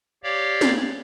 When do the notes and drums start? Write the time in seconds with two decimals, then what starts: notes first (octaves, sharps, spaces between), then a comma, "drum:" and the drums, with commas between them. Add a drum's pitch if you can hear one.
0.24 G4 C#5 D5 F5
0.61 drum: snare